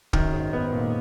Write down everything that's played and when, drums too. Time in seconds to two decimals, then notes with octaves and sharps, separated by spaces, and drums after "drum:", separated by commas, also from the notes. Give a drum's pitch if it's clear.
0.13 F#2 D#3, drum: kick
0.33 G#2
0.53 G#2 B3
0.73 A#2